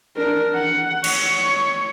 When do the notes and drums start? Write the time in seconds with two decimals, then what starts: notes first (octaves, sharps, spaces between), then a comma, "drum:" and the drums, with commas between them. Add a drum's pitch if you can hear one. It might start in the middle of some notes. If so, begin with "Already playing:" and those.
0.17 D4 A#4
0.55 F#5
1.04 C#5, drum: cymbal